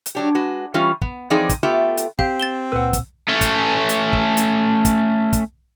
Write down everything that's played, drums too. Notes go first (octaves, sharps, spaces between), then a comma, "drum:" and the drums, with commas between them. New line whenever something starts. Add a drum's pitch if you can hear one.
drum: hi-hat
F#3 D4 G4
G#3 F#4 B4
E3 G3 C#4 F4
B3, drum: kick
E3 F3 C4 D#4 G#4 D5
drum: kick, hi-hat
A3 B3 F4 G4 E5
drum: hi-hat
C4 G4 F5, drum: kick
A6 E7 G7
C#2 A#2 B4 F#5 E6
drum: kick, hi-hat
A3 C#4
drum: kick, hi-hat
drum: hi-hat
drum: kick
drum: hi-hat
drum: kick, hi-hat
drum: kick, hi-hat